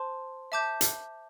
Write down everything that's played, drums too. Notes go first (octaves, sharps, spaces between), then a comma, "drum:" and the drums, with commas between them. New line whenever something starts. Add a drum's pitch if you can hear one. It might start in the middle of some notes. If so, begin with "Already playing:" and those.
Already playing: C5 A5 C6
E5 A5 D6 G6
drum: hi-hat